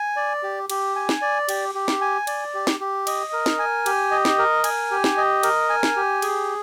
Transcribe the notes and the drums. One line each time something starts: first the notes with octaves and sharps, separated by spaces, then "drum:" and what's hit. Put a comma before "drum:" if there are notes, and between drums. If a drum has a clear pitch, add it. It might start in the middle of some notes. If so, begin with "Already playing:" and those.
Already playing: G#5
D5
G4
G4, drum: cymbal
G#5
drum: snare
D5
G4, drum: cymbal
G4
drum: snare
G#5
D5, drum: cymbal
G4
drum: snare
G4
D#5, drum: cymbal
A#4
drum: snare
G#5
G4, drum: cymbal
D#5
drum: snare
A#4
G#5, drum: cymbal
G4
drum: snare
D#5
A#4, drum: cymbal
G#5
drum: snare
G4
G#4, drum: cymbal